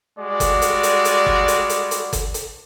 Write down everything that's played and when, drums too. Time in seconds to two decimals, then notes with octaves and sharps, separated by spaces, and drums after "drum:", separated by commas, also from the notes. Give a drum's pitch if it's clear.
0.19 G3 G#3 F#4 D5
0.40 drum: kick G1, hi-hat
0.62 drum: hi-hat
0.83 drum: hi-hat
1.05 drum: hi-hat
1.26 drum: kick G1
1.48 drum: hi-hat
1.69 drum: hi-hat
1.91 drum: hi-hat
2.13 drum: kick G1, hi-hat
2.34 drum: hi-hat